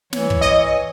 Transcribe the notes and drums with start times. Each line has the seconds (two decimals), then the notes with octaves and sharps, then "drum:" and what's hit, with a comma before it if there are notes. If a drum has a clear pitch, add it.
0.13 E3 C#5, drum: snare
0.30 drum: kick
0.41 D#5